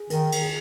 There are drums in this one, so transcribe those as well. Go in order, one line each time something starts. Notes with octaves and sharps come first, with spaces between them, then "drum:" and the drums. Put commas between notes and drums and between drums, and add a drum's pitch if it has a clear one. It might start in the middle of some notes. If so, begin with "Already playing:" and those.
Already playing: G#4
D#3 A#4, drum: hi-hat
drum: cymbal
G#4